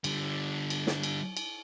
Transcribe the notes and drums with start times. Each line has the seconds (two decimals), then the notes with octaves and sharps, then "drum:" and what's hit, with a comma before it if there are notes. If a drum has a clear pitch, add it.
0.04 D3 G3, drum: cymbal
0.70 drum: cymbal
0.87 drum: snare
1.03 drum: cymbal
1.37 drum: cymbal